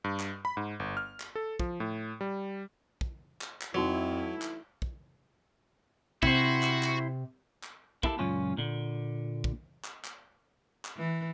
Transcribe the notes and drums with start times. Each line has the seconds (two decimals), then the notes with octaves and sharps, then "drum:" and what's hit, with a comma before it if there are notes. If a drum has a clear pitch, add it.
0.04 G2
0.20 drum: clap
0.45 B5
0.57 G#2
0.80 G1
0.97 F6
1.20 drum: clap
1.35 A4
1.59 F3, drum: kick
1.80 A2
2.21 G3
3.01 drum: kick
3.41 drum: clap
3.61 drum: clap
3.74 F2 E3 F#3 A3 D#4 E4 F#4 B4
4.42 drum: clap
4.82 drum: kick
6.23 C3 E4 F#4 C5, drum: kick
6.63 drum: clap
6.83 drum: clap
7.63 drum: clap
8.03 A#3 E4 G4 A4, drum: kick
8.19 C#2 F#2 A#2 C#4 F4
8.57 A#2 D3
9.44 drum: kick
9.84 drum: clap
10.05 drum: clap
10.85 drum: clap
10.98 E3